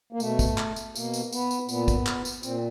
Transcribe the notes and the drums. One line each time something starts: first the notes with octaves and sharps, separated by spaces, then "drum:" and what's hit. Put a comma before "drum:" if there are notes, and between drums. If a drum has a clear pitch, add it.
A#3
B2 A3, drum: tambourine
drum: kick, tambourine
drum: clap
drum: tambourine
B2 A#3, drum: tambourine
drum: tambourine
B3, drum: tambourine
drum: tambourine
A#2 B3, drum: tambourine
drum: kick, tambourine
drum: clap
drum: tambourine
A#2 C4, drum: tambourine